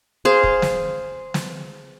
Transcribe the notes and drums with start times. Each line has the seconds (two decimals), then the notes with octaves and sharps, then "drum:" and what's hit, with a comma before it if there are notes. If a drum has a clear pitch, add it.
0.25 G#4 C5 F5
0.44 drum: kick
0.62 drum: snare
1.34 drum: snare